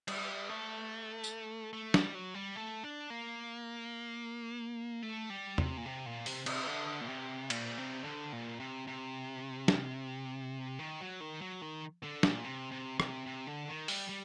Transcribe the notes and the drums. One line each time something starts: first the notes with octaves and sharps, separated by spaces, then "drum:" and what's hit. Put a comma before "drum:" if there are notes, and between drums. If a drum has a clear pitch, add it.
G3, drum: cymbal
A3
drum: tambourine
A3
G3, drum: snare
F#3
G3
A3
D4
A#3
A3
G3
C3, drum: tom
A#2
C3
A#2
C3, drum: open hi-hat
C3, drum: cymbal
D3
A#2
C3
A#2, drum: cymbal
C3
D3
A#2
C3
C3
drum: snare
D#3
F#3
D#3
F#3
D#3
D3
A#2, drum: snare
C3
C3
C3, drum: rim click
C3
D3
D#3
G3, drum: open hi-hat
G3